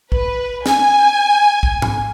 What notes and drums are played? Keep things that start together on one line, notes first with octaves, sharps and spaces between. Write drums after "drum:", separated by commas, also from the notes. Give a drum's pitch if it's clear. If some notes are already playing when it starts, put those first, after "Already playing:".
B4, drum: kick
G#5, drum: snare
drum: kick
drum: tom